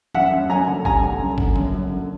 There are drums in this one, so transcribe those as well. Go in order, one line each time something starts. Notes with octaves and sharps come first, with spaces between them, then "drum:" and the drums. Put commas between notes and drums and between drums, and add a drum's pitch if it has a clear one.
F#2 E5 F#5, drum: tom
F#2
F#2 G#5 A#5
D3
G3 G#5 A#5, drum: kick
D3
F#2
D3, drum: kick
F#2, drum: tom D3
F#2
D3